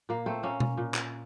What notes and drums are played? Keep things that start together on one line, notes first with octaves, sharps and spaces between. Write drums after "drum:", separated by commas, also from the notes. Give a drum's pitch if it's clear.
A#2 A#3
A3 C4
A#2 A#3 C#4
drum: tom B2
A#2
drum: clap